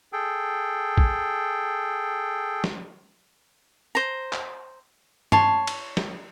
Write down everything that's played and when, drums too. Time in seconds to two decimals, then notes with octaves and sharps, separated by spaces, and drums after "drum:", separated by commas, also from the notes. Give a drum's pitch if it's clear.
0.13 G#4 A4 G5
0.98 drum: kick A#1
2.64 drum: snare
3.95 C5 A#5
4.33 drum: clap
5.32 C#5 A5 C6, drum: tom
5.67 drum: cymbal
5.97 drum: snare